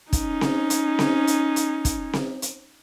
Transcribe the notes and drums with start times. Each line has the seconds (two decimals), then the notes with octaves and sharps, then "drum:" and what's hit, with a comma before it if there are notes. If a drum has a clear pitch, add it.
0.13 C#4 D#4, drum: kick, hi-hat
0.41 drum: snare C4
0.70 drum: hi-hat
0.99 drum: snare C4
1.27 drum: hi-hat
1.56 drum: hi-hat
1.85 drum: kick, hi-hat
2.13 drum: snare C4
2.42 drum: hi-hat